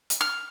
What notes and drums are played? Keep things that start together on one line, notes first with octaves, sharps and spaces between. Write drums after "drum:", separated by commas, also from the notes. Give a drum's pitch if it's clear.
drum: hi-hat
F6